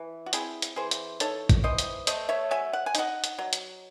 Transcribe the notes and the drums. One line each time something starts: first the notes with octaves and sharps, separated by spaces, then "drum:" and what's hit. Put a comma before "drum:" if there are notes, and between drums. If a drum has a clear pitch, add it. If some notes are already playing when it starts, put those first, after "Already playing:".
Already playing: E3
F#4
C4 E4 G#4, drum: hi-hat
drum: hi-hat
E3 G#4 C5
drum: hi-hat
D#4 A4 C#5, drum: hi-hat
drum: kick, hi-hat
E3 C5 D#5
drum: hi-hat
A3 C5 D#5, drum: hi-hat
C#5 E5
F#3 E5 G#5
F#5
G#5
D#4 D#5 F#5, drum: hi-hat
drum: hi-hat
F#3
drum: hi-hat